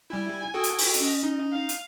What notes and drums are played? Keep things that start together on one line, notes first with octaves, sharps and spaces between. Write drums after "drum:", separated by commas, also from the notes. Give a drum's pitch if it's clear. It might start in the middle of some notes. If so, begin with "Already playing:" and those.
G3 E4 G#5
F#4 A4 G5 D#6
drum: hi-hat
drum: open hi-hat
C#4 D#5, drum: hi-hat
D#4
F5
drum: hi-hat